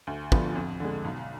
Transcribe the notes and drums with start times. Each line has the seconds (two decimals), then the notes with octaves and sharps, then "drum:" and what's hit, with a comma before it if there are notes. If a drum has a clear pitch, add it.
0.07 D2
0.32 D3 F3 B3, drum: kick
0.56 F2
0.80 D3 G#3
1.05 B1